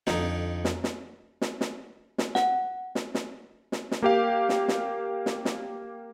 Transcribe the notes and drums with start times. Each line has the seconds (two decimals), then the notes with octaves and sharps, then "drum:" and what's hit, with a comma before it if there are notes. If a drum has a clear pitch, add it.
0.07 F2 D3 D#4, drum: snare
0.65 drum: snare
0.84 drum: snare
1.41 drum: snare
1.61 drum: snare
2.18 drum: snare
2.35 F#5, drum: snare
2.95 drum: snare
3.15 drum: snare
3.72 drum: snare
3.91 drum: snare
4.02 A#3 G4 F5
4.49 drum: snare
4.68 drum: snare
5.26 drum: snare
5.45 drum: snare